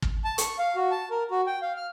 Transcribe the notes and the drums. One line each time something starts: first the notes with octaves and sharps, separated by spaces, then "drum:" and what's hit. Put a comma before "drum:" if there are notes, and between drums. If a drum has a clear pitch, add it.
drum: kick
A5
C#6, drum: hi-hat
F5
F#4
A5
A#4
F#4
G5
F5
F6